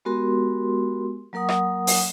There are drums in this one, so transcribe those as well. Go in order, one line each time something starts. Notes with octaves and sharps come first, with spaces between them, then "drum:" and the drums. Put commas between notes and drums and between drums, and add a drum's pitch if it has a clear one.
G#3 B3 F#4 G4 A#4 C6
F#3 A#3 A#4 F#5 D#6
drum: rim click
drum: open hi-hat